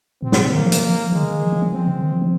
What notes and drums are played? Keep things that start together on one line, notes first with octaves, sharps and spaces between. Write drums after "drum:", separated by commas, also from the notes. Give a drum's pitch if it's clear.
A#2 C4
G#2, drum: snare
C#3
D#3 A#3
F3
F#3, drum: hi-hat
F3
F#3
F3
D#3 G#3
C#3
D#3
F3
F3
F#3
F3 C4
C#3
D#3
F3
F3